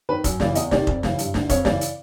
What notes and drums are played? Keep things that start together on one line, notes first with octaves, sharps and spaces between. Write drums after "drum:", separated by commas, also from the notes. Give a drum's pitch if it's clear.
D#3 B4
F#2, drum: kick F1, hi-hat
C#3 E3 D5, drum: snare
E2 D#5, drum: hi-hat
C3 D#3 D5, drum: snare
F2, drum: kick F1
C#3 E3, drum: snare
G2, drum: hi-hat
D3, drum: snare
F2 C#5, drum: kick F1, hi-hat
C#3 E3 D5, drum: snare
drum: hi-hat